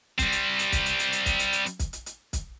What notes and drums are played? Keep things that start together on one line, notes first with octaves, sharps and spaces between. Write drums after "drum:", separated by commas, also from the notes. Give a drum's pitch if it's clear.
G3 C4, drum: kick, hi-hat
drum: hi-hat
drum: hi-hat
drum: kick, hi-hat
drum: hi-hat
drum: hi-hat
drum: hi-hat
drum: kick, hi-hat
drum: hi-hat
drum: hi-hat
drum: hi-hat
drum: kick, hi-hat
drum: hi-hat
drum: hi-hat
drum: kick, hi-hat